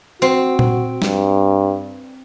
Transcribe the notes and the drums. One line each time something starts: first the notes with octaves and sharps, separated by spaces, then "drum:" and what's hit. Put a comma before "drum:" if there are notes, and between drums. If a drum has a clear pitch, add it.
C4 F#4
drum: tom A#2
G2, drum: snare